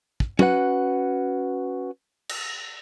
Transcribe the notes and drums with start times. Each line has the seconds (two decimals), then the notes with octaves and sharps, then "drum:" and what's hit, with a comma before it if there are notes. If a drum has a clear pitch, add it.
0.20 drum: kick
0.39 C#4 F#4 B4 F#5, drum: tom
2.29 drum: cymbal